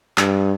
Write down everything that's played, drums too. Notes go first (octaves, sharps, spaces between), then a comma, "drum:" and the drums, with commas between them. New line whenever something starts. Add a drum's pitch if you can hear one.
G2, drum: clap